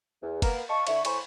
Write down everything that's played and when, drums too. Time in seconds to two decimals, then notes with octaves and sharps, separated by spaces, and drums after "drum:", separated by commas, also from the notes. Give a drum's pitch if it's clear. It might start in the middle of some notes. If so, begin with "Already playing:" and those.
0.22 E2
0.42 A#3 B3 A#4, drum: kick F#1, cymbal
0.69 D#5 F5 A5 C#6
0.87 D3 E4 C#6, drum: cymbal
1.05 A2 C5 G#5 B5 C#6, drum: cymbal